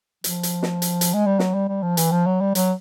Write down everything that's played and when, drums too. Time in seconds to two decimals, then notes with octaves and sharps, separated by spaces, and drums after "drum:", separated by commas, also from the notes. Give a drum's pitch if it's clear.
0.24 F3, drum: hi-hat
0.43 drum: hi-hat
0.63 drum: snare
0.82 drum: hi-hat
1.01 drum: hi-hat
1.14 G#3
1.26 G3
1.39 F#3, drum: snare
1.54 G3
1.68 G3
1.83 F3
1.97 E3, drum: hi-hat
2.12 F3
2.26 F#3
2.41 G3
2.55 F#3, drum: hi-hat